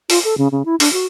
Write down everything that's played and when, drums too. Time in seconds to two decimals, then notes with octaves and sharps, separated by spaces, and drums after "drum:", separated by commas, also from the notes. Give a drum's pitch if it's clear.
0.10 F4, drum: open hi-hat
0.24 A4
0.38 C#3
0.52 C#3
0.66 E4
0.80 D4, drum: open hi-hat
0.93 F#4